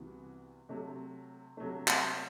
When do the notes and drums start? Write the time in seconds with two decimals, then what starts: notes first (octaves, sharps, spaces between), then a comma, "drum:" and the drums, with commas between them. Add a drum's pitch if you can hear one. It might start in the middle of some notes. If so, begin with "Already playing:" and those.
Already playing: C2 C3 E3 B3 F#4
0.69 C3 F#3 A3
1.57 C3 F#3 A3
1.87 drum: clap